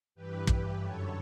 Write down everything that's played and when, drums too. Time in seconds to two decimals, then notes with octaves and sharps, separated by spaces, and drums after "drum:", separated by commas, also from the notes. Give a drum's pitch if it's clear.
0.15 G2 E3 G4 B4
0.47 G4 B4, drum: kick
0.80 F#2 D3 A4 C#5